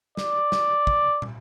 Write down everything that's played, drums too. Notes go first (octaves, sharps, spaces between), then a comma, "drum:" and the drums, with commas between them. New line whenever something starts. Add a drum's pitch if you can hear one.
D5, drum: snare
drum: snare
drum: kick
drum: tom